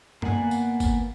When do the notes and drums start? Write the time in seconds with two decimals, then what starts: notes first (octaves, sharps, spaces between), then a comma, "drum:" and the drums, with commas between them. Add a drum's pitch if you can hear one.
0.22 A#3 B3 D5 F#5 G#5, drum: tom F#2
0.51 drum: tambourine
0.80 drum: kick G1, tambourine